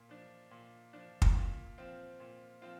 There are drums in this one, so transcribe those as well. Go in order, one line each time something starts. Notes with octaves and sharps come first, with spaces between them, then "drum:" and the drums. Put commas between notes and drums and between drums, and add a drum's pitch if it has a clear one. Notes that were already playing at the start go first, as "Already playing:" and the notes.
Already playing: A#2
F3 D4
A#2
F3 D4
drum: kick
A#2
F3 C4 F4
A#2
F3 C4 F4